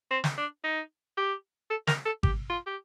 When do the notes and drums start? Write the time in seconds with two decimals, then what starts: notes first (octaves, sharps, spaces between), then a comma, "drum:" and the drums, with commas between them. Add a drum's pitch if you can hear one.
0.11 C4
0.24 drum: snare
0.38 D4
0.64 D#4
1.17 G4
1.70 A4
1.87 A#4, drum: snare
2.05 A4
2.23 G4, drum: kick G#1
2.49 F4
2.66 G4